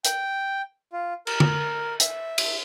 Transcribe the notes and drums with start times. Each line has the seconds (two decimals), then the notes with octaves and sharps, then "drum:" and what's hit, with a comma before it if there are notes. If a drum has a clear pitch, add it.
0.05 G5, drum: hi-hat
0.93 F4
1.27 A#4, drum: cymbal
1.40 drum: tom D3
2.00 E5, drum: hi-hat
2.38 drum: cymbal